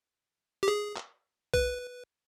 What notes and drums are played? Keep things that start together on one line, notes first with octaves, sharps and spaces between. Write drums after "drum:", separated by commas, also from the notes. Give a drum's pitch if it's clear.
G4
G#4
drum: clap
B4, drum: kick B1